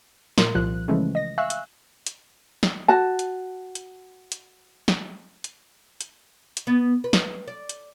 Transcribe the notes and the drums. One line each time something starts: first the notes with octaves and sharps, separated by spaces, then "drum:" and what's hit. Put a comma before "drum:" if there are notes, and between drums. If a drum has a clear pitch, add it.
A#2 A#4 C6, drum: snare
C2 A#2 F3 F4 F#6
C#3 E3 F3 G#3 A3 C#4
D#5 A#6
E5 F5 G#5 C#6 E6 F#6
drum: hi-hat
drum: hi-hat
drum: snare
F#4 A5
drum: hi-hat
drum: hi-hat
drum: hi-hat
drum: snare
drum: hi-hat
drum: hi-hat
drum: hi-hat
B3
B4
drum: snare
D5
drum: hi-hat